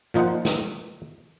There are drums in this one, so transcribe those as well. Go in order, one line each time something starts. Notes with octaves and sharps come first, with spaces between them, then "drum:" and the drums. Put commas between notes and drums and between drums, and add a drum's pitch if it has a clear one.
A#2 F3 D#4 C5 F#5
drum: snare